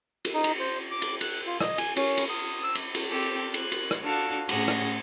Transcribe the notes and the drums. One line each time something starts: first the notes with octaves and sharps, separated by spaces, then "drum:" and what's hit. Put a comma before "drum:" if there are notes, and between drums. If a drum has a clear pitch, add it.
drum: cymbal
D#4
drum: cymbal
C5
D6
drum: cymbal
F#6, drum: cymbal
F4
D#5, drum: rim click
G#5, drum: cymbal
C#4, drum: cymbal
drum: cymbal
D#6
E6
drum: cymbal
drum: cymbal
C4 G4 A4
F#6, drum: cymbal
drum: cymbal
drum: rim click
D4 F#4 A4 F5
A2 C#4 G#4 F#5 A#6, drum: cymbal
drum: rim click